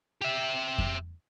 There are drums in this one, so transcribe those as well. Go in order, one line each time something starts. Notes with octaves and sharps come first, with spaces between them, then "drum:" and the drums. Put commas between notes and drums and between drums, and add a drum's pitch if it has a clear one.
G4 E5
drum: kick F2